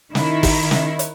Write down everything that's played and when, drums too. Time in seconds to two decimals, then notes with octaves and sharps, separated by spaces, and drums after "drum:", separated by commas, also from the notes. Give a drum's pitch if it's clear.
0.15 D#3 E4, drum: snare
0.43 drum: kick, open hi-hat
0.71 drum: snare
0.99 drum: hi-hat